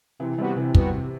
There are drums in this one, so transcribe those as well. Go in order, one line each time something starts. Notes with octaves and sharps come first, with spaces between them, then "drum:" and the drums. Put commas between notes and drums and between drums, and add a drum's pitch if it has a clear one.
C3 E3
C3 G3 B3 F#4
C3 E3
G3 B3 F#4, drum: kick
C3